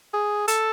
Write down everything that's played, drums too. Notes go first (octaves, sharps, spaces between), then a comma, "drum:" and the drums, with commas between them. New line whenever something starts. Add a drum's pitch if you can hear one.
G#4
A4, drum: hi-hat